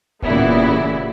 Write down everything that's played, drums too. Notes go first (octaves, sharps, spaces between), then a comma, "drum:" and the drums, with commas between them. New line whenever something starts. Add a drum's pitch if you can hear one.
A#2 C#3 E3 G3 B3 E4, drum: kick D#1